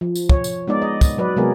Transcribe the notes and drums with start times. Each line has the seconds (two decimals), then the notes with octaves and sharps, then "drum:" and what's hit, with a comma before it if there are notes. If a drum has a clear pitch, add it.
0.01 F3
0.15 drum: tambourine
0.29 C#5, drum: kick
0.44 drum: tambourine
0.68 G#3 B3 D#4 D5
0.82 D#5
1.01 drum: kick, tambourine
1.18 F#3 B4 D5
1.36 C3 F#3 G#3 B3 G#4 A#4